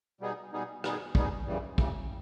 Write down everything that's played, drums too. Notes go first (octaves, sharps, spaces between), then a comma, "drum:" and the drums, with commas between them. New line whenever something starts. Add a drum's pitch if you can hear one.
B2 G3 B3 D#4 G#4
B2 G3 B3 D#4 G#4
B2 G3 B3 D#4 G#4, drum: rim click
B2 G3 B3 D#4 G#4, drum: kick
F#2 C#3 E3 G3
F#2 C#3 E3 G3, drum: kick